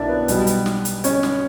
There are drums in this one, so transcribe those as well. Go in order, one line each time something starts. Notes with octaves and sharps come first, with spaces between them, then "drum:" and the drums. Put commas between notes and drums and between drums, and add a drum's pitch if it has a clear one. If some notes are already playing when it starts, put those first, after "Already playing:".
Already playing: B1 A#3 D4 E4 D5 E5
B3 B4
B1 B2 G3 B3, drum: hi-hat
drum: hi-hat
drum: snare
drum: hi-hat
C#4 C#5, drum: hi-hat
drum: snare